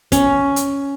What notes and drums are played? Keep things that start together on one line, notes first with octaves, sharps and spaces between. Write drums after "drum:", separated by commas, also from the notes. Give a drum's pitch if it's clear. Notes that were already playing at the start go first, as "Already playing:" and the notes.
C#4, drum: kick, hi-hat
drum: hi-hat